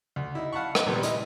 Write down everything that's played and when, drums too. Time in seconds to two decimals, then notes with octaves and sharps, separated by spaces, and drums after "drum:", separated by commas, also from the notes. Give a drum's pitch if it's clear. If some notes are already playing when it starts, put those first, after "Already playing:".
0.16 D2
0.35 D#4 E4
0.53 F5 F#5 A5 B5 C#6
0.75 drum: rim click
0.86 A#2 D#3 F3 G3 B3
1.03 G#3 E4 D#5, drum: hi-hat